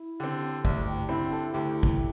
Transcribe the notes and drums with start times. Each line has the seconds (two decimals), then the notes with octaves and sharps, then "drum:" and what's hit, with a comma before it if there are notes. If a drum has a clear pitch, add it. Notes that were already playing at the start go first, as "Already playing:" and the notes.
Already playing: E4
0.20 D3 C4 G4
0.65 D2 D4, drum: kick
0.87 G4
1.08 D3 C4 E4
1.32 A4
1.53 D2 G4
1.83 drum: kick